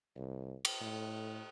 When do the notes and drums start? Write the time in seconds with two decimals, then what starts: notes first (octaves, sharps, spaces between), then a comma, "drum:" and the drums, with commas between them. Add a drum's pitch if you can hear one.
0.16 C2
0.65 drum: cymbal
0.81 A2